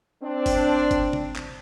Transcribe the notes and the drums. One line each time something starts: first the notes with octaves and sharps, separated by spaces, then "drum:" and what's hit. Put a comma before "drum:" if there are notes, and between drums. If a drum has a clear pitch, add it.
C4 D4
drum: kick G1, open hi-hat
drum: kick G1, hi-hat
drum: tom
drum: clap